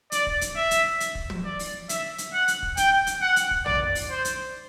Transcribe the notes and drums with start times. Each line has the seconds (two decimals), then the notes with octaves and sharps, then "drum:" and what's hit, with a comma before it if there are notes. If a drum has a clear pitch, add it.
0.12 D5, drum: hi-hat
0.27 drum: kick
0.41 drum: hi-hat
0.56 E5
0.71 drum: hi-hat
1.00 drum: hi-hat
1.15 drum: kick
1.30 drum: tom
1.45 D5
1.59 drum: open hi-hat
1.89 E5, drum: hi-hat
2.18 drum: hi-hat
2.33 F#5
2.48 drum: hi-hat
2.62 drum: kick
2.77 G5, drum: hi-hat
3.07 drum: hi-hat
3.21 F#5
3.36 drum: hi-hat
3.51 drum: kick
3.66 D5, drum: tom
3.95 drum: open hi-hat
4.10 C5
4.25 drum: hi-hat